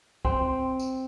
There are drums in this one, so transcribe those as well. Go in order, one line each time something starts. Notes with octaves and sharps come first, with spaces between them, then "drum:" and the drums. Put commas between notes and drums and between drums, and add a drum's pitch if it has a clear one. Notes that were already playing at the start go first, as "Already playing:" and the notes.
C4, drum: kick
drum: tambourine